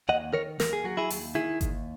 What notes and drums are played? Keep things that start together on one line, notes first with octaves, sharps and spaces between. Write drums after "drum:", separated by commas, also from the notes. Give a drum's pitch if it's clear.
D#2 D#5 F#5
D#3 A#4 C#5
D#2 A#4, drum: snare
G#4
F#3 F#4
E4 G#4
D#2, drum: open hi-hat
D#3 E4 G#4
D#2, drum: kick G1, hi-hat